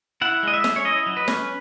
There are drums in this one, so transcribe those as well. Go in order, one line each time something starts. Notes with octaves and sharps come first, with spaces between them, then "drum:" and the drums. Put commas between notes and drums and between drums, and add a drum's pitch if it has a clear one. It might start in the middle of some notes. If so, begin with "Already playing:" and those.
E4 F#5
G#3 D#5
E5
C#4, drum: snare
C#5
E4 D#5
F#3
B4
C#4, drum: snare